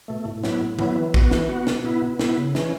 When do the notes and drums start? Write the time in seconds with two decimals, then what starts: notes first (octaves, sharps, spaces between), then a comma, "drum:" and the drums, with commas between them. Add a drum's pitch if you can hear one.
0.08 B2 A3
0.25 A2
0.43 F#3 B3 E4, drum: snare
0.60 A2
0.79 F#3 B3 E4, drum: tom
0.96 E3
1.14 B3 F#4, drum: kick
1.31 E3, drum: snare
1.49 B3 F#4
1.67 B2, drum: snare
1.84 B3 E4
2.02 B2
2.19 B3 E4, drum: snare
2.37 C#3
2.55 E3 C#4, drum: snare